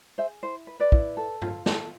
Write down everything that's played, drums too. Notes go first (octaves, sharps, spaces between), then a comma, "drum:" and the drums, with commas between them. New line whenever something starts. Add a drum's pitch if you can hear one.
G#4 C5 E5
E4 C5
B4
B4 D5
E4, drum: kick
A4
F4, drum: tom G2
A4, drum: snare